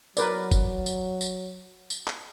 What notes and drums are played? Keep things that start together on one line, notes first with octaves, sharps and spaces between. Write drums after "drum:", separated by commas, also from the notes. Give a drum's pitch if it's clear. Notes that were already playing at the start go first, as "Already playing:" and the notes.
F#3 A#4 B4 D5, drum: tambourine
drum: kick F#1, tambourine
drum: tambourine
drum: tambourine
drum: tambourine
drum: clap